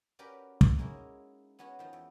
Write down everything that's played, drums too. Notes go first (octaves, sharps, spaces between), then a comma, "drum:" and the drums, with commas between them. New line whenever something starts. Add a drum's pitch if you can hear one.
C#4 F#4 G4 A#4 B4 D5
drum: kick
G#3 A#3 C#4 D#4 E4 F#4
B3 C#4 F#4 C#5 F#5
D#3 F3
E2